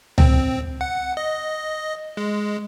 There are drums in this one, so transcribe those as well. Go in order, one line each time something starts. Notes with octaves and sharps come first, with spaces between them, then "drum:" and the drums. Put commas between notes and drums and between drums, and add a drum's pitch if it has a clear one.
C4, drum: tom C#2
F#5
D#5
G#3